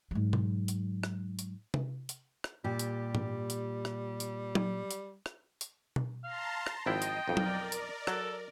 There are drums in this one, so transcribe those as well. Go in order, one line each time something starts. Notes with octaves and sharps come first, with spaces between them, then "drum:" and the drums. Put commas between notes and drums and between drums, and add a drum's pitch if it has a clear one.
G#2 F#3
drum: tom B2
drum: hi-hat
drum: rim click
drum: hi-hat
drum: tom C3
drum: hi-hat
drum: rim click
A#2 G3 G4
drum: hi-hat
drum: tom G#2
drum: hi-hat
drum: rim click
drum: hi-hat
drum: tom F#3
drum: hi-hat
drum: rim click
drum: hi-hat
drum: tom B2
F5 A5 A#5 C6
drum: rim click
G#1 F3 E4 D#5 G5
drum: hi-hat
B1 F2 A#4 D5
drum: tom F#3
drum: hi-hat
F#3 A4, drum: rim click